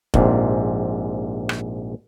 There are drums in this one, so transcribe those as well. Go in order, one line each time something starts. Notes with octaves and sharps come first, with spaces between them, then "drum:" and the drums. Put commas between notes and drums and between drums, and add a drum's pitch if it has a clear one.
A#1 G#2 C3, drum: kick F1
drum: rim click